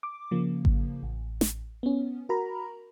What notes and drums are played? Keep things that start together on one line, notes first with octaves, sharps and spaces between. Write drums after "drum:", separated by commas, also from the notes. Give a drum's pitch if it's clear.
D6
C#3 F3 A#3
drum: kick G#1
A1
drum: snare
B3 C#4
F#4 A#4 A#5 B5